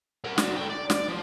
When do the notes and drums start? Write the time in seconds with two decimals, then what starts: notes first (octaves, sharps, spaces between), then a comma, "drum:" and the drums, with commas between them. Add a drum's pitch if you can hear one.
0.25 A#4 F#5
0.38 F#4 D5, drum: snare
0.56 D3 G5
0.69 D5
0.90 D5, drum: snare
1.09 F3